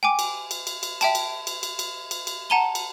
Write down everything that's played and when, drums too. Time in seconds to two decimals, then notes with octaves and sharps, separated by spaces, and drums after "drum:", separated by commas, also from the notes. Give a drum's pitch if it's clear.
0.03 G5 G#5 D6
0.19 drum: cymbal
0.51 drum: cymbal
0.67 drum: cymbal
0.83 drum: cymbal
1.01 E5 G5 A5, drum: cymbal
1.15 drum: cymbal
1.47 drum: cymbal
1.63 drum: cymbal
1.79 drum: cymbal
2.11 drum: cymbal
2.27 drum: cymbal
2.50 F#5 A5 A#5 D#7 G7
2.75 drum: cymbal